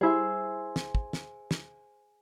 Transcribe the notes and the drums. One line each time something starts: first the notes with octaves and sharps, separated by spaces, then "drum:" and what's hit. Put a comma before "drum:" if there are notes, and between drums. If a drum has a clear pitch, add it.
G3 E4 G#4 C5 E5
drum: snare
drum: kick
drum: snare
drum: snare